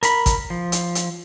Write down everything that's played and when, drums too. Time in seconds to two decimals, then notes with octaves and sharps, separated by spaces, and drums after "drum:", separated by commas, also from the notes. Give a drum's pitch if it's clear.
0.03 A#4 B5, drum: hi-hat
0.26 drum: kick, hi-hat
0.50 F3
0.72 drum: hi-hat
0.95 drum: hi-hat